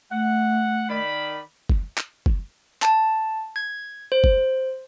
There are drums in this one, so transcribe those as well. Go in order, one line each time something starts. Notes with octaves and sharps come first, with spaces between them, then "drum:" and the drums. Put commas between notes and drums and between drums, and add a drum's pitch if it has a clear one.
A3 F#5
D#3 D5 B5
drum: kick F#1
drum: clap
drum: kick F#1
A5, drum: clap
G#6
C5
drum: kick F#1